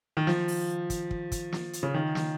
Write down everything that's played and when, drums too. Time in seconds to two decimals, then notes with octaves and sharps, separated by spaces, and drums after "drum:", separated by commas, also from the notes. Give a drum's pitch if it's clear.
0.17 D#3
0.27 F3, drum: snare
0.48 drum: open hi-hat
0.90 drum: kick, hi-hat
1.11 drum: kick
1.32 drum: kick, hi-hat
1.52 drum: snare
1.73 drum: hi-hat
1.83 C#3
1.94 D#3
2.15 drum: snare